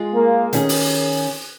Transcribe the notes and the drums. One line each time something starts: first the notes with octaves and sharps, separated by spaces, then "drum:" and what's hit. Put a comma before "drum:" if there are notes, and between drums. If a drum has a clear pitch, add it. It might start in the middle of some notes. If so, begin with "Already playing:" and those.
Already playing: G#3 F4 G#4
A#3
D#3 C#4 G#4, drum: hi-hat
drum: open hi-hat